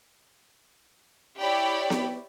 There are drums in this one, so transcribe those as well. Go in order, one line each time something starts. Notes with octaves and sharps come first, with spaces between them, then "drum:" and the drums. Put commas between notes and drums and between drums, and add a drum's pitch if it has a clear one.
E4 G4 C#5 D5 G5 B5
drum: snare B3